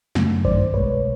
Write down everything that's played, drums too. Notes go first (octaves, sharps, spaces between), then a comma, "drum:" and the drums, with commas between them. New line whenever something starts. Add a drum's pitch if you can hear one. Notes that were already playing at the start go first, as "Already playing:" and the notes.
F#2 C#3 F#3 A3, drum: snare
G#1 G2 D#3 C5 D5, drum: kick A1
C2 B2 G#3 B4 C#5